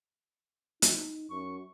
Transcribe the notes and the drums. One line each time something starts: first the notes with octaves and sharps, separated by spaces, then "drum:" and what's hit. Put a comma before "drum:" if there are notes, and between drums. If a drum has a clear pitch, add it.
D#4, drum: hi-hat
F#2 C#6